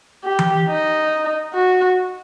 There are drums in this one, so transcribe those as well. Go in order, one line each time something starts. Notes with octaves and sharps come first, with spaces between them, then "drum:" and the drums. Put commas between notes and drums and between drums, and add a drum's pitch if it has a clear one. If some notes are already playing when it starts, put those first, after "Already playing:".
G4
drum: tom E3
D#4
F#4